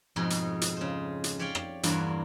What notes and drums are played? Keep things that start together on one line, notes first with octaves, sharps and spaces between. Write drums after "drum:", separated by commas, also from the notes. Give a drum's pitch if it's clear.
F2 G#2 B2 D#4 G#4
drum: hi-hat
drum: hi-hat
C#3 C5
drum: hi-hat
G4 C#5 D5 F5 G5
drum: rim click
E2 G2 A#3 F#4 C5, drum: hi-hat